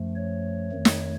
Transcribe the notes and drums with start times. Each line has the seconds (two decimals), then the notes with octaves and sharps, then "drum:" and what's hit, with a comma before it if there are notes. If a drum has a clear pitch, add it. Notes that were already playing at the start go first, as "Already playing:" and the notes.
Already playing: F#2 F3 A3
0.16 C#5
0.72 F2 D#3 A3
0.85 drum: snare